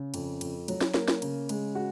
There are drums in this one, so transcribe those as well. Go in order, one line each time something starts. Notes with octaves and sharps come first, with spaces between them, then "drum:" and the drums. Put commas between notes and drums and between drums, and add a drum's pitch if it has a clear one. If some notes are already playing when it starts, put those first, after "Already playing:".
Already playing: C#3
F2, drum: cymbal
F2, drum: cymbal
F#3, drum: cymbal
drum: snare
A#3, drum: snare
drum: snare
C#3, drum: cymbal
G#3, drum: cymbal
F#4